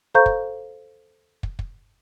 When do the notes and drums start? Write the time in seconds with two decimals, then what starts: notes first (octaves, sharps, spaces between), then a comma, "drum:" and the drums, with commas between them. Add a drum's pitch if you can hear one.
0.15 A4 C5 F5 A#5 C#6 G6
0.26 drum: kick
1.43 drum: kick
1.59 drum: kick